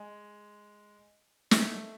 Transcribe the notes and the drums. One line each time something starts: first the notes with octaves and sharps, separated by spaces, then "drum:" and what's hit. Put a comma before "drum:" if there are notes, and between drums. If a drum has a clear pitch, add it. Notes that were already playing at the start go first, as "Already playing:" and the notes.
Already playing: G#3
A3, drum: snare